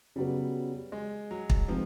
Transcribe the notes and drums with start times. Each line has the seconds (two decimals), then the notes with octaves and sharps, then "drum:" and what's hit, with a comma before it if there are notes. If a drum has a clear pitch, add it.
0.16 C#3 F#3 G3 B3
0.92 G#3
1.31 F#3
1.50 drum: kick
1.68 F3 G#3 C4 D#4 G#4 B4